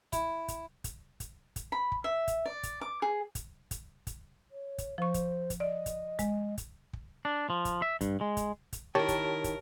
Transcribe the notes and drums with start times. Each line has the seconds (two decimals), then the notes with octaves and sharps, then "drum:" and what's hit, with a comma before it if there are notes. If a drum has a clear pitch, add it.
0.13 E4, drum: kick, hi-hat
0.48 drum: kick, hi-hat
0.84 drum: kick, hi-hat
1.20 drum: kick, hi-hat
1.56 drum: kick, hi-hat
1.72 B5
1.92 drum: kick
2.04 E5
2.28 drum: kick, hi-hat
2.46 D5
2.63 drum: kick, hi-hat
2.81 D6
3.02 G#4
3.35 drum: kick, hi-hat
3.71 drum: kick, hi-hat
4.07 drum: kick, hi-hat
4.51 C#5
4.78 drum: kick, hi-hat
4.98 F3 C5 C#6
5.14 drum: kick, hi-hat
5.50 drum: kick, hi-hat
5.60 D5 D#5
5.86 drum: kick, hi-hat
6.19 G#3, drum: kick, hi-hat
6.58 drum: kick, hi-hat
6.93 drum: kick
7.25 D4
7.50 F3
7.65 drum: kick, hi-hat
7.82 E5
8.01 G2, drum: kick, hi-hat
8.21 G#3
8.37 drum: kick, hi-hat
8.73 drum: kick, hi-hat
8.95 D#3 E4 G4 A#4 C#5 A5
9.08 drum: kick, hi-hat
9.44 drum: kick, hi-hat